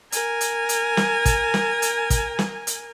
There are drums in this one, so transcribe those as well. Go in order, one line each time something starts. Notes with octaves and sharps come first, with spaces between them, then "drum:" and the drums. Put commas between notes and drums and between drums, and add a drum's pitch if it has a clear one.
A#4 G#5, drum: hi-hat
drum: hi-hat
drum: hi-hat
drum: snare
drum: kick, hi-hat
drum: snare
drum: hi-hat
drum: kick, hi-hat
drum: snare
drum: hi-hat